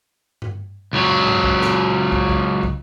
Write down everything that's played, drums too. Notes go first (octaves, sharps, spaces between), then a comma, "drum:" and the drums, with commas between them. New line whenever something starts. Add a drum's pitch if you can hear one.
drum: tom G2
C#2 F#3
drum: tom G2
drum: kick
drum: snare
drum: kick
drum: kick
drum: kick